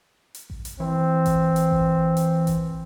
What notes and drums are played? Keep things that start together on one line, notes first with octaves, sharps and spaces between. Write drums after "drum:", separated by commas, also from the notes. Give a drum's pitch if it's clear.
drum: hi-hat
drum: kick A1
drum: hi-hat
E3 C4
drum: kick A1, hi-hat
drum: hi-hat
drum: kick A1
drum: hi-hat
drum: kick A1, hi-hat